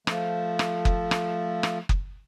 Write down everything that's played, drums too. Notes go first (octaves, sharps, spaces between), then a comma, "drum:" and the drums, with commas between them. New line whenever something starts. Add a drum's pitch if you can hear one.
F3 A3, drum: rim click
drum: rim click
drum: kick F#1
drum: rim click
drum: rim click
drum: kick F#1